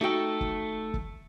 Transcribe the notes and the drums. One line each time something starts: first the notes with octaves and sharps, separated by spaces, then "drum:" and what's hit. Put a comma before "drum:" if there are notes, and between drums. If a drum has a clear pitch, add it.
A3 D#4 F#4 A4 G5
drum: kick
drum: kick